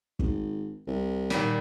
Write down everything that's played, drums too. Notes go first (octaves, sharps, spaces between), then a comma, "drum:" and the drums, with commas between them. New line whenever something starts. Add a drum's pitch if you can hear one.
G#1, drum: kick
C2
A#2 D#3 G3, drum: snare